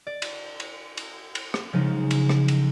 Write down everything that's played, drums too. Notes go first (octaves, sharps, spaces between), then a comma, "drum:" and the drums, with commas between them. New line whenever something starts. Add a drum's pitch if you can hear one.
D5
drum: cymbal
drum: cymbal
drum: cymbal
drum: cymbal
drum: rim click
C#3 F3 F#3 G#3 D#4
drum: cymbal
drum: rim click
drum: cymbal